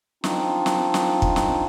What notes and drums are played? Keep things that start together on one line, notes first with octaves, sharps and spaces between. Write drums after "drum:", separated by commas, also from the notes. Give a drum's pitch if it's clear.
C4 D4 D#4 F4, drum: snare
drum: snare
drum: snare
drum: kick
drum: snare